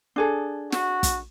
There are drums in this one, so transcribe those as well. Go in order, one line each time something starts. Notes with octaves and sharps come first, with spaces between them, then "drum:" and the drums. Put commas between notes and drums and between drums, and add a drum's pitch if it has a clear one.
D4 G#4 A4
F#4, drum: snare
drum: kick, hi-hat